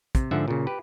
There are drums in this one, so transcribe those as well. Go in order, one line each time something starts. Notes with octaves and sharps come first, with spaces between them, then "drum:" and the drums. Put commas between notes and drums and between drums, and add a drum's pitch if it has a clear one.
C3, drum: kick, hi-hat
G#2 D3 F3 E5 F#5
A#2 C#3
G4 B4